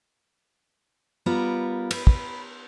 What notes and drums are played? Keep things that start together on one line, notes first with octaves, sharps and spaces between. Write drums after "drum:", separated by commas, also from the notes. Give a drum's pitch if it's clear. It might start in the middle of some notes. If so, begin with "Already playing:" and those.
G3 B3 F4 A#4
B4, drum: cymbal
drum: kick